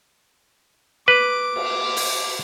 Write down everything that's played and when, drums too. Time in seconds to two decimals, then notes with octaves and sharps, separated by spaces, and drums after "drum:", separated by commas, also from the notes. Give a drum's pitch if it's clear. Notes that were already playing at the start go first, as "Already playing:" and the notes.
1.08 B4 D6
1.56 drum: cymbal
1.97 drum: open hi-hat